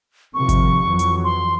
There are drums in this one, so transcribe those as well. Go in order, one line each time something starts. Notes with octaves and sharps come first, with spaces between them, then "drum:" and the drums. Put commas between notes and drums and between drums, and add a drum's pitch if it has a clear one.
C3 D#3 F3 C#6
drum: kick G#1, hi-hat
F2 E3 F#3
drum: hi-hat
C6